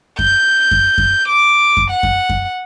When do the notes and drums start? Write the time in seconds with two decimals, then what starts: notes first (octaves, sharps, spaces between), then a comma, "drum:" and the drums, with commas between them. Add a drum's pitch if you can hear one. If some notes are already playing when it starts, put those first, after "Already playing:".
0.19 G6, drum: kick F#2
0.71 drum: kick F#2
0.98 drum: kick F#2
1.28 D6
1.77 drum: kick F#2
1.91 F#5
2.03 drum: kick F#2
2.29 drum: kick F#2